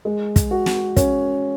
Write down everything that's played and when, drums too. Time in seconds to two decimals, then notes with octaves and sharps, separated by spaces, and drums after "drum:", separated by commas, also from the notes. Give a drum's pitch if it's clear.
0.05 G#3
0.36 drum: kick, hi-hat
0.51 F#4
0.66 drum: snare
0.97 C#4, drum: kick, hi-hat